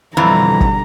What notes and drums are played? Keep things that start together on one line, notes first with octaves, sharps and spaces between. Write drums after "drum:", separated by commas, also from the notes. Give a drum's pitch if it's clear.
F2 B2 D3 E3 G3 A#5
drum: kick